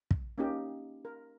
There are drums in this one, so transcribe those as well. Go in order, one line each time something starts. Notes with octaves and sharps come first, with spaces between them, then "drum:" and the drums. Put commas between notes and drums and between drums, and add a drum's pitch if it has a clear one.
drum: kick
A#3 C#4 D#4 G4
A#4